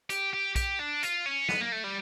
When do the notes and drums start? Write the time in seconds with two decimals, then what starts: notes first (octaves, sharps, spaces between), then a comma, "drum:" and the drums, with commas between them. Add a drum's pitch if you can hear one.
0.10 G4, drum: hi-hat
0.33 G4
0.56 G4, drum: kick B1, hi-hat
0.79 D4
1.03 F4, drum: hi-hat
1.26 C#4
1.49 B3, drum: snare
1.61 A#3
1.72 A3
1.84 G3